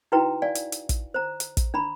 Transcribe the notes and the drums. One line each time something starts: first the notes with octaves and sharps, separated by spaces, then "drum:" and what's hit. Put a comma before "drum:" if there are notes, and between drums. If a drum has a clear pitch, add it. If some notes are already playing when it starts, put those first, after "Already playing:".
D#4 E4 F#4 B4 G5 A#5
D5 F5 G#5
drum: hi-hat
drum: hi-hat
drum: kick, hi-hat
C5 A#5
drum: hi-hat
drum: kick, hi-hat
D4 A#5 B5